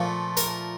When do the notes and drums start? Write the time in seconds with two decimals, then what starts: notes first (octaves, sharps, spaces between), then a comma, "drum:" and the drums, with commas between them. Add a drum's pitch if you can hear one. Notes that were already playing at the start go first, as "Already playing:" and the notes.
Already playing: A#2 F3 A3
0.37 A#4, drum: hi-hat